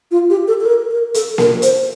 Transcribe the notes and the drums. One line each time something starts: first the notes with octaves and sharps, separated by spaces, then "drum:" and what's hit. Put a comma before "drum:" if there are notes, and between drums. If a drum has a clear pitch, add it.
F4
G4
A4
A4
A#4
A#4
A4, drum: hi-hat
A#4, drum: snare A#3
C5, drum: hi-hat